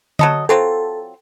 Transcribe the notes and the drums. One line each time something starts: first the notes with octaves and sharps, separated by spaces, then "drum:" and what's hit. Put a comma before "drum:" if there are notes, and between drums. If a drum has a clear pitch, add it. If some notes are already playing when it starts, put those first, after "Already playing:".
F#3 A4 D#5, drum: tom D3
F#3 C4 F4 A4